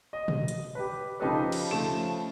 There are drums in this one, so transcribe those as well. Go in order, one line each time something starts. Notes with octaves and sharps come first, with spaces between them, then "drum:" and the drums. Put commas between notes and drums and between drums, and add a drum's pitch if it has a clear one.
D#5
drum: tom A#2
drum: hi-hat
G4 B4
C#3 F3 D#4 G4 A4 B4
drum: cymbal
C#3 F3 A3 E7